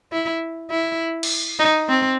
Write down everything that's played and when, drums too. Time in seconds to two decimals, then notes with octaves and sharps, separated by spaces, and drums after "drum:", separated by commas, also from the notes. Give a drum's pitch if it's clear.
0.12 E4
0.71 E4
1.23 drum: cymbal
1.59 D#4
1.88 C4